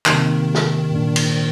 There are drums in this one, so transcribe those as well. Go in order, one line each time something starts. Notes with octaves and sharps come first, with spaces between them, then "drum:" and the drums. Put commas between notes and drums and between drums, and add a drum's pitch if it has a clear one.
C3 D#3 G3 A#3 D#4, drum: clap
drum: snare
A#2 G3 A#3 D4
drum: cymbal